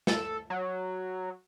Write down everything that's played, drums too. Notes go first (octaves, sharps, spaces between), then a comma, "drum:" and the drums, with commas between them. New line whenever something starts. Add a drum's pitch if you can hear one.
A4, drum: snare
F#3